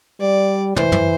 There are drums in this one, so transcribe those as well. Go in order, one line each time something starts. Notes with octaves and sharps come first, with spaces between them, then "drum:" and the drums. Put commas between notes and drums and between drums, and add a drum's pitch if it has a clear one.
G3 D5
E3 C5, drum: tom
drum: tom